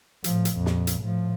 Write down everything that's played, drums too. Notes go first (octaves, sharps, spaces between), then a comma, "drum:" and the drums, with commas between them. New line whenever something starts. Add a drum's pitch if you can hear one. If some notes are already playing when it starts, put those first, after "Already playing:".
A2 F3, drum: hi-hat
drum: hi-hat
A#1 F2
drum: snare
drum: hi-hat
A2 F3